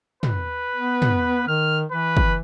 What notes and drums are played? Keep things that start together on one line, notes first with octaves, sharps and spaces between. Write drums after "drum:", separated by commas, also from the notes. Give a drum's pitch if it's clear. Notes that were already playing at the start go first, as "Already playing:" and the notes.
B4, drum: tom
B3
drum: tom
D#3 F6
E3 B4
drum: kick